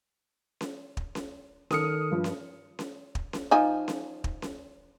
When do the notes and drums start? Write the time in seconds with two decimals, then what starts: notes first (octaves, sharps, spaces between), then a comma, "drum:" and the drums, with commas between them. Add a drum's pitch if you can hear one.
0.61 drum: snare C#4
0.97 drum: kick
1.15 drum: snare C#4
1.71 D#3 A4 D#6 F6 C#7, drum: snare C#4
2.11 G2 F3
2.24 drum: snare C#4
2.79 drum: snare C#4
3.15 drum: kick
3.33 drum: snare C#4
3.51 F3 D#4 G#5
3.88 drum: snare C#4
4.24 drum: kick
4.42 drum: snare C#4